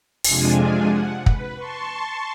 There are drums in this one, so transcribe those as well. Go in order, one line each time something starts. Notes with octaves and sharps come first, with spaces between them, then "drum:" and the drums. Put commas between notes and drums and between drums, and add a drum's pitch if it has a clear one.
F2 C3 G#3 D4 F4 G#5, drum: open hi-hat
F#5
B4, drum: kick
A5 C6 C#6